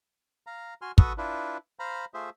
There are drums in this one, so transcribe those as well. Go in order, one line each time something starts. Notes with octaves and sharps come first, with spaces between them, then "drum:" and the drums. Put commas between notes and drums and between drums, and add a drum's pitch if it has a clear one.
F5 A#5
F#4 G#5 C6 F6
F#4 A4 B4 C#6 D#6, drum: kick
D4 E4 F4 B4
C5 F5 A#5 B5
A3 F4 G#4 C5 E5